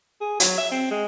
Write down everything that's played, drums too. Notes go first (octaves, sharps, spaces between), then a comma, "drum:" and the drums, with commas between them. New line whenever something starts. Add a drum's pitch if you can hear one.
G#4
F#3, drum: hi-hat
E5
C4
G#3